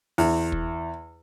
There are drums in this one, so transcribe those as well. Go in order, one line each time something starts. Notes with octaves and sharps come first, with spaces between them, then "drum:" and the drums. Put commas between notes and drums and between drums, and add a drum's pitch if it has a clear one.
E2, drum: open hi-hat
drum: kick